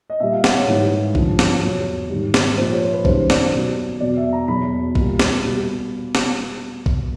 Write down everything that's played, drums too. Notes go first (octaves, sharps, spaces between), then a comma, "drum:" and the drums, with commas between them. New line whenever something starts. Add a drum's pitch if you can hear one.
D#5
A#2 G3 E5
F5
F#5, drum: snare
C#5
G#2 E3 G3
G2 D3 F3, drum: kick
drum: snare
E2 B2 F#3 C#5
G#2 D#3 G3
drum: snare
A#2 F3 C5
C#5
C5
B4
F#2 D#3 G3 C5, drum: kick
D5, drum: snare
B2 F#3
E2 B2 F#3 D5
E5
A#5
E2 B2 F#3 B5
A#2 G3, drum: kick
drum: snare
B2 G3
drum: snare
drum: kick